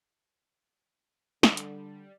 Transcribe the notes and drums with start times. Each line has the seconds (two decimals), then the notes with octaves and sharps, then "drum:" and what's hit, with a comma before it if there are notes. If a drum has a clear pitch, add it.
1.43 D3 G3, drum: snare
1.57 drum: hi-hat